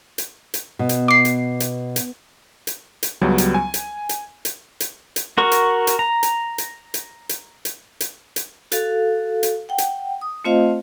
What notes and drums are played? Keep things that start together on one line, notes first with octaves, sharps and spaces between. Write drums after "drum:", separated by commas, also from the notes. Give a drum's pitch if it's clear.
drum: hi-hat
drum: hi-hat
B2
drum: hi-hat
D6 C7
drum: hi-hat
drum: hi-hat
drum: hi-hat
drum: hi-hat
drum: hi-hat
C#2 F#3 G3 B3 C#4
drum: hi-hat
G#5
drum: hi-hat
drum: hi-hat
drum: hi-hat
drum: hi-hat
drum: hi-hat
F#4 A#4 C#6
drum: hi-hat
drum: hi-hat
A#5
drum: hi-hat
drum: hi-hat
drum: hi-hat
drum: hi-hat
drum: hi-hat
drum: hi-hat
drum: hi-hat
F#4 A4 F5, drum: hi-hat
drum: hi-hat
F#5 G5
drum: hi-hat
D#6
A3 C4 F4 C5 D#5 F5